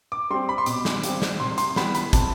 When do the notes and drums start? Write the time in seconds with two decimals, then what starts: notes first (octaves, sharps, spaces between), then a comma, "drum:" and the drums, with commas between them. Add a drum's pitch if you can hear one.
0.12 D6
0.30 G3 C4 C6
0.49 B5
0.58 C6
0.66 B2 D6, drum: hi-hat
0.85 drum: snare
1.03 G3 C4, drum: hi-hat
1.22 drum: snare
1.40 C3 C6
1.58 C6, drum: hi-hat
1.76 E3 G3 B3 B5, drum: snare
1.95 B5, drum: hi-hat
2.13 C3 A5, drum: kick, hi-hat